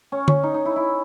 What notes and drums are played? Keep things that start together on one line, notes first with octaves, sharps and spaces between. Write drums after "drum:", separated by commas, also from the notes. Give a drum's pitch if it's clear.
C#4
C#4, drum: tom D3
D#4
D#4
E4
E4